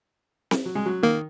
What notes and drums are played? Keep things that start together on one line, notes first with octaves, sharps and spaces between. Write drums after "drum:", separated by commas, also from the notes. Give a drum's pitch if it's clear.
drum: snare C4
F#3
G#3
F#3
D#3 A#3